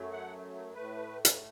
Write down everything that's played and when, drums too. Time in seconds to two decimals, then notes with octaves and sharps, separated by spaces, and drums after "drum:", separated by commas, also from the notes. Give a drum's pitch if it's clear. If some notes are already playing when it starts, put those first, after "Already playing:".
Already playing: F#2 F#3 A3
0.12 F#5
0.74 A2 A3 B4
1.25 B4, drum: hi-hat